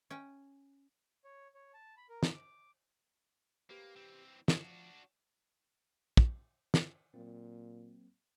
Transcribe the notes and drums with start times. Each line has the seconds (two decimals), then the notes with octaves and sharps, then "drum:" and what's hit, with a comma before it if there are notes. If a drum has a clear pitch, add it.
0.11 C#4 G5
1.24 C#5
1.55 C#5
1.74 A5
1.97 B5
2.09 A#4
2.23 drum: snare
2.34 D6
3.70 A#3 G4 B4 C5
3.96 E3 C4
4.48 F3 D4 F#4, drum: snare
6.17 drum: kick
6.74 drum: snare
7.14 A#2 F#3 A#3 C4